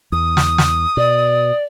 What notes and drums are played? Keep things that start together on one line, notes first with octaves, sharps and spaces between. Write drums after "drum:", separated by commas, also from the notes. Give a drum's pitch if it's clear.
E2 D#6
drum: snare
drum: snare
B2 D5